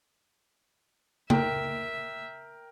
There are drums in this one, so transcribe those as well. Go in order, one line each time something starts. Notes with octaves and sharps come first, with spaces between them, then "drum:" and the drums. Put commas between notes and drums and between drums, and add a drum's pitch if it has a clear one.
A#4 E5 G5, drum: tom C#3